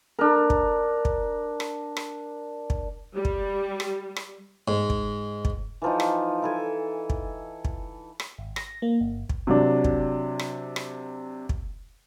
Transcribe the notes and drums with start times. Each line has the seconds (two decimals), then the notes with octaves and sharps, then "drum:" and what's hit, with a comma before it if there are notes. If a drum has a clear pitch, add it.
0.19 D4 A#4
0.50 drum: kick
1.05 drum: kick
1.60 drum: rim click
1.97 drum: rim click
2.70 drum: kick
3.15 G3
3.25 drum: kick
3.80 drum: rim click
4.16 drum: rim click
4.68 G#2
4.90 drum: kick
5.45 drum: kick
5.82 E3 F3 D#4
6.00 drum: rim click
6.42 E4 A4 G#5
7.10 drum: kick
7.65 drum: kick
8.20 drum: rim click
8.38 G#1
8.56 A#6, drum: rim click
8.82 A#3
9.01 G1
9.29 drum: kick
9.47 C3 F#3 D4
9.84 drum: kick
10.39 drum: rim click
10.76 drum: rim click
11.49 drum: kick